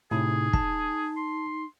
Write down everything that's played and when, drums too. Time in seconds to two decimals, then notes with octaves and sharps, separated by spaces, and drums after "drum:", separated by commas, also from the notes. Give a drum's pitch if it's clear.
0.11 A2 C3 D#4 G#4
0.53 A5, drum: kick
1.16 C6